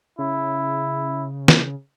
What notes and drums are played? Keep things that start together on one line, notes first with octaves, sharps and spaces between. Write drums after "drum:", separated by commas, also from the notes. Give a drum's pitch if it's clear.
C#3 E4
drum: snare